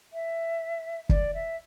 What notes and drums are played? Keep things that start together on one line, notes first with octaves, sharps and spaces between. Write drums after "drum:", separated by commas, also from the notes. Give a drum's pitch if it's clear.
E5
D5, drum: kick
E5